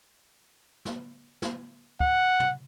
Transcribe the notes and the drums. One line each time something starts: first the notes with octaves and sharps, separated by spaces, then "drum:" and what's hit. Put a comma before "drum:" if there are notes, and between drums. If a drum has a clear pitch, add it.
drum: snare
drum: snare
F#5, drum: kick
drum: tom